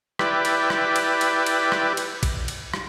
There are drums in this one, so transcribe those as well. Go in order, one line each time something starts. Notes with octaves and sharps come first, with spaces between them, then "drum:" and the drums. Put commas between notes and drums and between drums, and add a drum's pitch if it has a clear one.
E4 G4 B4 D5, drum: rim click
drum: cymbal
drum: rim click
drum: cymbal
drum: cymbal
drum: cymbal
drum: rim click
drum: cymbal
drum: kick A1, cymbal
drum: cymbal
drum: rim click